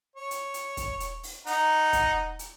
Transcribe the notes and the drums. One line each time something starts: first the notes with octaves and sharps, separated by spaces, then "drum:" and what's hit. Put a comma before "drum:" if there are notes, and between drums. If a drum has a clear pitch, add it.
C#5
drum: hi-hat
drum: hi-hat
drum: kick, hi-hat
drum: hi-hat
drum: open hi-hat
D#4 F#5 A#5, drum: open hi-hat
drum: kick, hi-hat
drum: hi-hat